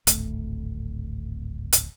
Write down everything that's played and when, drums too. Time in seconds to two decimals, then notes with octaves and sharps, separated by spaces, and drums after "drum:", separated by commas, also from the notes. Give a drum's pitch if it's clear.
0.07 D1 G#1 A3, drum: hi-hat
1.72 drum: hi-hat